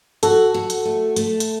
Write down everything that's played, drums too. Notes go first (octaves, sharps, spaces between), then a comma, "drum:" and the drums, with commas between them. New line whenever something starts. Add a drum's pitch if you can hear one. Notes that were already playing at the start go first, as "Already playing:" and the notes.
F#4 A4, drum: hi-hat
F#4
drum: hi-hat
A3
A3, drum: hi-hat
drum: hi-hat